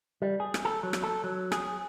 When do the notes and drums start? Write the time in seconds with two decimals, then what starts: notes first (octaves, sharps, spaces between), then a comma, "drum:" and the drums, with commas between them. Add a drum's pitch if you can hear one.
0.22 G3
0.40 G#4
0.54 drum: rim click
0.65 A4
0.83 F#3
0.93 drum: rim click
1.04 A4
1.24 F#3
1.52 G#4, drum: rim click